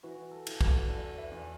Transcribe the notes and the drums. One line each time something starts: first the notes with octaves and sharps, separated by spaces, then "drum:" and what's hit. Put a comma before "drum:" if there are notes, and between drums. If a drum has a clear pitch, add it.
E3 F#4 B4
A4
E3 A4, drum: cymbal
F#4 B4, drum: kick
E2 A4 D5
B4 E5
E2